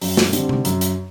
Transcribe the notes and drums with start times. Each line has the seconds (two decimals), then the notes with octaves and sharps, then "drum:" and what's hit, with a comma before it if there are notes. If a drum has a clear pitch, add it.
0.01 F#2, drum: open hi-hat
0.17 drum: snare
0.33 D3 G3 C4, drum: hi-hat
0.49 drum: tom C3
0.65 F#2, drum: hi-hat
0.81 drum: hi-hat